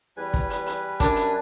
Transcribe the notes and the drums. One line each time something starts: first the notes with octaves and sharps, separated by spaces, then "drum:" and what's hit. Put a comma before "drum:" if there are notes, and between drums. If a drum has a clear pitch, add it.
E2 G3 B4 G#5
drum: kick
drum: hi-hat
drum: hi-hat
F#2 D4, drum: kick, hi-hat
drum: hi-hat